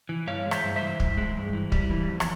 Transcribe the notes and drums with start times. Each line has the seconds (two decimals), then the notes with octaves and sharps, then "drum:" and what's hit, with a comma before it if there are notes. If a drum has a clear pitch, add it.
0.09 E3
0.27 G2 C#5 F5
0.46 G#3
0.51 C5 E5, drum: rim click
0.64 G2
0.76 C5 E5
0.82 E3
1.00 G2, drum: kick
1.17 G#3
1.36 G2
1.53 E3
1.72 G3, drum: kick
1.90 E3
2.09 F2
2.20 drum: rim click